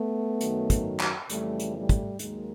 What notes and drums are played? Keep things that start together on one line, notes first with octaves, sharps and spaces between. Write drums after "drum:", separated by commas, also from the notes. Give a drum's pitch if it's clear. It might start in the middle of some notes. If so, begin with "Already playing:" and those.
Already playing: A3 B3
F#2 D#3 F#3, drum: hi-hat
drum: kick, hi-hat
drum: clap
F2 C#3 E3 G3 A3, drum: hi-hat
drum: hi-hat
G3 A3
drum: kick, hi-hat
D#2 D#3 F#3 G#3 A#3, drum: hi-hat